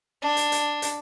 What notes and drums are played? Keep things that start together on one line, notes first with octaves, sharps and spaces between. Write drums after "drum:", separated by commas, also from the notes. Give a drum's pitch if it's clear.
D4
drum: hi-hat
drum: hi-hat
drum: hi-hat